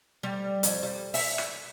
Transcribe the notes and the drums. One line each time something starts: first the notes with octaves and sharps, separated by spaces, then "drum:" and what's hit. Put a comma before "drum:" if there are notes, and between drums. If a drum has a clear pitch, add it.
G3
F2, drum: hi-hat
G3
E5, drum: open hi-hat
drum: rim click